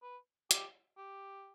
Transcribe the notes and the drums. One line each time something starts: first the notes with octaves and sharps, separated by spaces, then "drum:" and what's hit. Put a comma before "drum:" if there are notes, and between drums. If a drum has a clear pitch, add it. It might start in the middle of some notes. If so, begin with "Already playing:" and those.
B4
G4, drum: hi-hat
G4